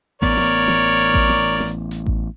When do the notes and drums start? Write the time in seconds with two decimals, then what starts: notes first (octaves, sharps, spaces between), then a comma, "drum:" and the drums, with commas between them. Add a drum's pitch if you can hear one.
0.22 A1 B3 A#4 C#5 D5, drum: kick A1
0.37 drum: snare
0.68 drum: snare
0.99 drum: hi-hat
1.14 drum: kick A1
1.30 drum: snare
1.60 drum: snare
1.91 drum: hi-hat
2.06 drum: kick A1